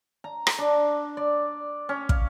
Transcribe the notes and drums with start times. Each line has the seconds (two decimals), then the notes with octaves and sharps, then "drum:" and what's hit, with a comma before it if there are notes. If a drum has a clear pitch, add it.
0.24 A#5
0.47 drum: rim click
0.58 D4
1.17 D5
1.89 C#4
2.09 F5, drum: kick